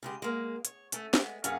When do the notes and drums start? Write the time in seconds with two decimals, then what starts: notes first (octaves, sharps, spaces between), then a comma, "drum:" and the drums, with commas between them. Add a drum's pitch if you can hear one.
0.03 C#3 G#3 G4
0.22 G#3 A#3
0.65 C#5, drum: hi-hat
0.92 A3 C#4, drum: hi-hat
1.14 G#3 B3, drum: snare
1.44 F#2 A#3 C#4 G#4 F5 F#5, drum: hi-hat